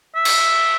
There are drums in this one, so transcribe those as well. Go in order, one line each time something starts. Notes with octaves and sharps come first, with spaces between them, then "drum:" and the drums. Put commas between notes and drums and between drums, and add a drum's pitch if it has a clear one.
E5
drum: cymbal